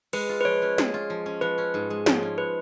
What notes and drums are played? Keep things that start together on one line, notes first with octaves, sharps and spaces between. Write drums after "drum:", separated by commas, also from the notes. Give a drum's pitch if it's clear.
G#3 B4, drum: cymbal
F4
B4
F3 C#5
C#4
G#3, drum: snare
F4
F3
C#4
F3 B4
C#4
G#2
G#3
F3 C#5, drum: snare
C#4
B4